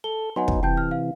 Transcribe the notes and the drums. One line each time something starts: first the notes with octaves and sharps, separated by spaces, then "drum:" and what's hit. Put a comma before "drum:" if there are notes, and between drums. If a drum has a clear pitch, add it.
A4 G7
F#3 B3 D#4 F#5 G#5 C6
drum: kick
C3 E3 G5 A5 G6
F6
F5